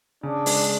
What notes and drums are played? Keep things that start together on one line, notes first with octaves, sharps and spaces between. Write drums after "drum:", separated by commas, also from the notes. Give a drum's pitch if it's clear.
C#3 D4
G#3, drum: open hi-hat